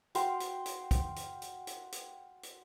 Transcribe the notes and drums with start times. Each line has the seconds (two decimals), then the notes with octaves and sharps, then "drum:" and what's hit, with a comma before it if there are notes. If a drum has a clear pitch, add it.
0.15 F#4 F5 G5 C6, drum: hi-hat
0.40 drum: hi-hat
0.66 drum: hi-hat
0.91 drum: kick, hi-hat
1.16 drum: hi-hat
1.42 drum: hi-hat
1.67 drum: hi-hat
1.92 drum: hi-hat
2.43 drum: hi-hat